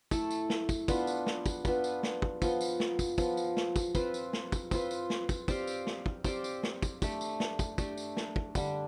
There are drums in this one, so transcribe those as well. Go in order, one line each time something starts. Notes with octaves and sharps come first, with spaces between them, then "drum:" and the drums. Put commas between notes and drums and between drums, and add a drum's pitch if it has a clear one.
A3 E4 A4, drum: kick, tambourine
drum: tambourine
drum: snare
drum: kick, tambourine
B3 D4 F4 B4, drum: kick, tambourine
drum: tambourine
drum: snare
drum: kick, tambourine
B3 D4 F4 B4, drum: kick, tambourine
drum: tambourine
drum: snare
drum: kick
F3 B3 F4, drum: kick, tambourine
drum: tambourine
drum: snare
drum: kick, tambourine
F3 B3 F4, drum: kick, tambourine
drum: tambourine
drum: snare
drum: kick, tambourine
C4 F4 B4, drum: kick, tambourine
drum: tambourine
drum: snare
drum: kick, tambourine
C4 F4 B4, drum: kick, tambourine
drum: tambourine
drum: snare
drum: kick, tambourine
C4 G4 D5 F5, drum: kick, tambourine
drum: tambourine
drum: snare
drum: kick
C4 G4 D5 F5, drum: kick, tambourine
drum: tambourine
drum: snare
drum: kick, tambourine
A3 D4 G4, drum: kick, tambourine
drum: tambourine
drum: snare
drum: kick, tambourine
A3 D4 G4, drum: kick, tambourine
drum: tambourine
drum: snare
drum: kick
D3 G3 D4, drum: kick, tambourine